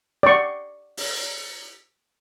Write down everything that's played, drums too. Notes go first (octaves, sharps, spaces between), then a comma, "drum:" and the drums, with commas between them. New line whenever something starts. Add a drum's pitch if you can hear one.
D5 C#6
drum: open hi-hat